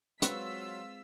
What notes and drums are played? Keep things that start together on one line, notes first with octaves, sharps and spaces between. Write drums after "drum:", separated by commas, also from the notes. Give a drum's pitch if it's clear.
F#3 G#3 C4 F4 B4 C#6 E6 B6, drum: hi-hat